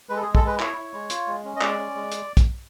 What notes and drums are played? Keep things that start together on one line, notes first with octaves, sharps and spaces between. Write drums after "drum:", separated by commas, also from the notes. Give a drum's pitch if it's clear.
G#3 B4
A4
G#4
G#3
A4, drum: kick
G#3 B4
E4 C#5, drum: clap
E4
G#3
F4, drum: hi-hat
G#3
C#4
D#5
G#3 D5, drum: clap
C#4
G#3
drum: hi-hat
drum: kick, hi-hat